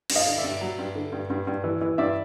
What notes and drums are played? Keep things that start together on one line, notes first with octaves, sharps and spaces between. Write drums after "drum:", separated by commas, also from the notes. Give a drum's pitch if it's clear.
G2, drum: cymbal
D#5 F5
D3
D5 E5
G2
F#3
G2
D3
G2
G2
G2
E3
E3
G2 D5 E5